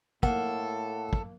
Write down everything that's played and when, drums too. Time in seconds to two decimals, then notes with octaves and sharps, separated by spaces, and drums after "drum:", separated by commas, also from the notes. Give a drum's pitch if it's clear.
0.23 A2 A#3 A4 F#5, drum: kick
1.13 drum: kick